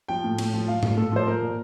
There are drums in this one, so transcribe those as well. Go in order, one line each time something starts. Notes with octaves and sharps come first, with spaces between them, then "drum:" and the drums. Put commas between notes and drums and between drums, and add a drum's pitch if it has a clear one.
F3 G5
A2
A2, drum: cymbal
F3
F3 F5
A2, drum: tom G#2
A2 A4
F3 C5
F3 A#4
A#2